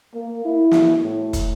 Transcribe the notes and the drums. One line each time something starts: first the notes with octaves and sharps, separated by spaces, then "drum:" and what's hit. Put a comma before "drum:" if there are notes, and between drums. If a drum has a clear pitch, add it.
A#3
E4
drum: snare
A2
drum: kick, hi-hat